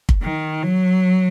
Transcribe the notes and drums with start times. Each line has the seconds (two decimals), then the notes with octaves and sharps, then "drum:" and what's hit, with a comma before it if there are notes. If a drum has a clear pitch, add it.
0.09 drum: kick
0.23 D#3
0.63 F#3